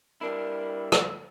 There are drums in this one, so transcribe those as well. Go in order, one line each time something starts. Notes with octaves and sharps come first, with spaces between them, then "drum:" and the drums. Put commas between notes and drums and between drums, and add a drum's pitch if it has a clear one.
G3 D4 E4 A#4
drum: rim click